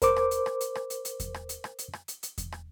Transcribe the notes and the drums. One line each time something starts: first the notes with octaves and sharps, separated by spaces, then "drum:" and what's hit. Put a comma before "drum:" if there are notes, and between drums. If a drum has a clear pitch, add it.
A#4 C5 D6, drum: kick E2, hi-hat
drum: rim click
drum: hi-hat
drum: rim click
drum: hi-hat
drum: rim click
drum: hi-hat
drum: hi-hat
drum: kick E2, hi-hat
drum: rim click
drum: hi-hat
drum: rim click
drum: hi-hat
drum: rim click
drum: hi-hat
drum: hi-hat
drum: kick E2, hi-hat
drum: rim click